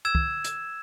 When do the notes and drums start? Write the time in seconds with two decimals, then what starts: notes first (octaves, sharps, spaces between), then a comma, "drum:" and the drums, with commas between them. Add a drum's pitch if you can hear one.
0.05 E6 G#6 E7
0.15 drum: kick
0.44 drum: hi-hat